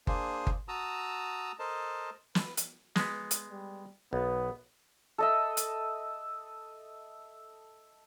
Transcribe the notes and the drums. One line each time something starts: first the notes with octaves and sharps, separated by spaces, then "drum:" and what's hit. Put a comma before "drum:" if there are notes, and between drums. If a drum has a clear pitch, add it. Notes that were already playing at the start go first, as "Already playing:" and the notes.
A#3 D4 G#4 C5, drum: kick G1
drum: kick G1
F#4 A5 A#5 D#6 E6
A4 A#4 C5 D#5 A5
B4, drum: snare
drum: hi-hat
G#3 B3, drum: snare
drum: hi-hat
G3
B1 B3
A4 D#5 E5
drum: hi-hat